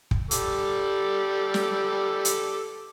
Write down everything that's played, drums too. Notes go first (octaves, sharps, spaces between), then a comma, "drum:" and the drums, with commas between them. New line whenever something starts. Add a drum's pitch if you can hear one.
drum: kick
G3 A4 D6, drum: hi-hat
drum: snare
drum: hi-hat